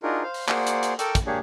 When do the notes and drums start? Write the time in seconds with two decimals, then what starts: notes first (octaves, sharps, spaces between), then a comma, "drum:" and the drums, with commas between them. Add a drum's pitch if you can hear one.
0.03 D4 D#4 F4 F#4 G#4 A#4
0.23 C5 F5
0.34 drum: open hi-hat
0.48 A#3 F#4 G#4 C5 D5 F#5, drum: clap
0.67 drum: hi-hat
0.83 drum: hi-hat
0.99 A4 A#4 G5 C#6 D6 E6, drum: hi-hat
1.15 drum: kick, hi-hat
1.26 A#3 D4 G4 G#4 C#5